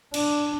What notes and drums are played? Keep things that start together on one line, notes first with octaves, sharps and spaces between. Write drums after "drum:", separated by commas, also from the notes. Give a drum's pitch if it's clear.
D4, drum: cymbal